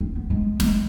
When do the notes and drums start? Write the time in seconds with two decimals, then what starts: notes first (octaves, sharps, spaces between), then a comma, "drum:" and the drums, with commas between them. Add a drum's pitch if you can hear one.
0.01 C4
0.15 B3
0.30 G#3
0.60 G#3, drum: snare